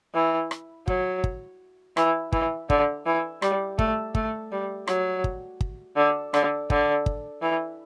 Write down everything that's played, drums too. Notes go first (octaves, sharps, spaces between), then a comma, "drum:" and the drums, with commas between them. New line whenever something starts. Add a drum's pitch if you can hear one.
E3
drum: rim click
F#3, drum: kick
drum: kick
E3, drum: rim click
E3, drum: kick
D3, drum: kick
E3
G3, drum: rim click
A3, drum: kick
A3, drum: kick
G3
F#3, drum: rim click
drum: kick
drum: kick
D3
D3, drum: rim click
D3, drum: kick
drum: kick
E3